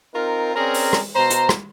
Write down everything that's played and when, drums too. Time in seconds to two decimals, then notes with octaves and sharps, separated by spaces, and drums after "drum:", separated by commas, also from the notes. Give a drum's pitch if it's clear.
0.14 C4 D#4 F4 A#4
0.55 C4 C#4 G#4 A#4 D5 A#5
0.74 drum: open hi-hat
0.93 drum: rim click
1.15 B2 C5 A#5
1.30 drum: hi-hat
1.49 drum: rim click